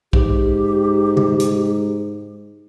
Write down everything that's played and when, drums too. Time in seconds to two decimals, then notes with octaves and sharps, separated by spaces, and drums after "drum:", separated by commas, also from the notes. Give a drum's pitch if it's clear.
0.13 G#2 G4, drum: kick A#1
1.17 drum: tom C3
1.40 drum: hi-hat